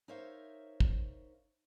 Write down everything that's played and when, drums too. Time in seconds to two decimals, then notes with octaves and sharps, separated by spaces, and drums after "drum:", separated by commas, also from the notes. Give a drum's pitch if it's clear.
0.08 D#4 A#4 C5 C#5 E5 F5
0.80 drum: kick